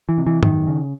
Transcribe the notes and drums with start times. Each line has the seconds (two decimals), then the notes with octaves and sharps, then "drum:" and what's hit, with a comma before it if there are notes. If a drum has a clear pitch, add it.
0.09 E3
0.18 C3
0.27 E3
0.43 F#2 D#3, drum: tom G#2
0.67 C#3